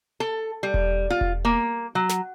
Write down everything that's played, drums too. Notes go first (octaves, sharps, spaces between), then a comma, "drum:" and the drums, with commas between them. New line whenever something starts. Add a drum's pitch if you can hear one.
A4
G3
drum: kick E1
F4
drum: kick E1
A#3
F#3
drum: snare